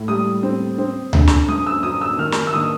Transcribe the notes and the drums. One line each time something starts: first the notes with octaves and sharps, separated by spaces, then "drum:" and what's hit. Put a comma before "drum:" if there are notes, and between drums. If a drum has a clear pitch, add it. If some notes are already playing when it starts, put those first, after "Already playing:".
Already playing: A2
G3 D#6
C4
C4
D3, drum: tom D2
drum: snare
F#2 D#6
E6
F#3 D#6
E6
D#3 F6
drum: snare
E6
D#3 D#6